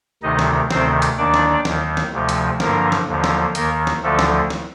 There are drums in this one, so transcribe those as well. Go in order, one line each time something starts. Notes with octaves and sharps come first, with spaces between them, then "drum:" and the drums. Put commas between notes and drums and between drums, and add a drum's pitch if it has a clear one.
D2 C3 D#3 D#4 D#5
drum: snare
D2 C3 D#3 C4 C5, drum: snare
drum: hi-hat
D#2 D#3 D4 D5
drum: snare
D#2 D#3, drum: snare
drum: snare
D2 C3 F3
drum: hi-hat
G2 D3 F3 A#3 A#4, drum: snare
drum: snare
D#2 D3 F3
drum: snare
D#2 D#3 A#3 A#4, drum: hi-hat
drum: snare
D2 D3 F3 A3 A4
drum: snare
drum: snare